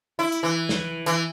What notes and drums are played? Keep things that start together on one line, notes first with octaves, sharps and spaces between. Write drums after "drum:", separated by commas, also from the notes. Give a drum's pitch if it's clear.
E4
drum: hi-hat
E3
drum: snare
E3, drum: hi-hat